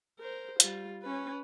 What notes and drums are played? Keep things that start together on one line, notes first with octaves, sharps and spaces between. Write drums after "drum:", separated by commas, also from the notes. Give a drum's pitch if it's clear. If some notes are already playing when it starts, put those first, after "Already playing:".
A#4 C5
G3 F4, drum: hi-hat
C#4 B4